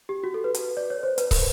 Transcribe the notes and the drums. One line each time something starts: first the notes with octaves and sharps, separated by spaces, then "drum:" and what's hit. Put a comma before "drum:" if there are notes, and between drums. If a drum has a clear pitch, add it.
G4
F#4
A4
B4
drum: hi-hat
D5
C#5
C5
B4, drum: hi-hat
A#4, drum: kick, open hi-hat